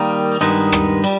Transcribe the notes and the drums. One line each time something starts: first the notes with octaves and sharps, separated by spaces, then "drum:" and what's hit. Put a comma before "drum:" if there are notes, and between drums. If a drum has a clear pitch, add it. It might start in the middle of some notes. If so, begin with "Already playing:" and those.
Already playing: D#3 G3 A#3 D#4
G2 D#3 G#3 B3 D#4, drum: cymbal
drum: rim click
G3, drum: cymbal